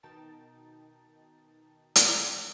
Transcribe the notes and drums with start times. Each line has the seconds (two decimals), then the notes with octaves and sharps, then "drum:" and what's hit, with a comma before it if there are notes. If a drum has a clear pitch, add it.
0.03 B2 D#3 D#4 G5 A5 A6
1.96 drum: hi-hat